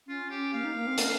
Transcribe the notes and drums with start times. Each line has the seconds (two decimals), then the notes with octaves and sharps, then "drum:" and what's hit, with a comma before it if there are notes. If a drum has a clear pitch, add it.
0.08 C#4 F4
0.30 G4
0.53 A#3 F5
0.64 D#4
0.76 A#3
0.87 C4
0.98 C#4, drum: hi-hat